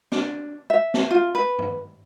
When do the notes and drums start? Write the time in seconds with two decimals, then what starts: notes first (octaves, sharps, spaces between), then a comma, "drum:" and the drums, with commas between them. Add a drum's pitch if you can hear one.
0.12 D4, drum: snare
0.70 E5
0.94 drum: snare
1.11 F4
1.35 B4
1.59 drum: tom